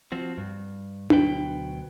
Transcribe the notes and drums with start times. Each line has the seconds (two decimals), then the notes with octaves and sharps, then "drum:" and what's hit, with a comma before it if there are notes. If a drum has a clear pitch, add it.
0.12 F3 C4 F#4
0.38 G2
1.10 D2 B2 F#3 B4 G5, drum: tom D4